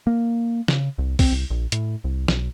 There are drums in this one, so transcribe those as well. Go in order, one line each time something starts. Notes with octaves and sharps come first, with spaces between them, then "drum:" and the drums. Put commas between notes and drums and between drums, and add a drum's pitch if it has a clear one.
A#3
C#3, drum: snare
C2
C4, drum: kick, open hi-hat
C2
A#1
A2, drum: hi-hat
C2
B1, drum: snare